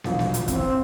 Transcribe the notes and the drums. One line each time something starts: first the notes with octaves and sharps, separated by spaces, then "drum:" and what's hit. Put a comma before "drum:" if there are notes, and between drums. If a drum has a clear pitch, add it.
E1 A#1 E2, drum: snare
drum: snare
drum: hi-hat
A1 C4, drum: kick, hi-hat